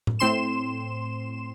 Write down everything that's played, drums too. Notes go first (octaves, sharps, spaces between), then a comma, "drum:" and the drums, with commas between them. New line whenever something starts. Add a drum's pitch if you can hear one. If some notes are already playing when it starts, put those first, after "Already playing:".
drum: tom A2
A2 C4 C6 E7